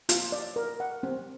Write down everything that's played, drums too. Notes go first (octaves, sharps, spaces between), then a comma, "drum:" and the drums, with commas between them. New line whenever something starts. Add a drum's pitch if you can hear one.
F4, drum: hi-hat
D5
A#4
F#5
C4